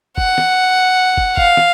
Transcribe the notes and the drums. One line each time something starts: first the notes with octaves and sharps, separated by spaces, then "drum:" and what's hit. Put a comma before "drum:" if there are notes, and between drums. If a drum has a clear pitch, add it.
F#5, drum: kick
drum: snare
drum: kick
F5, drum: kick
drum: snare